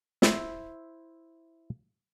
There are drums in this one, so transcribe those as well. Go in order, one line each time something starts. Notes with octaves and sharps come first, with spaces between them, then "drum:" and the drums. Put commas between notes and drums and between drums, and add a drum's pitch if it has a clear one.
E4 C5 E5, drum: snare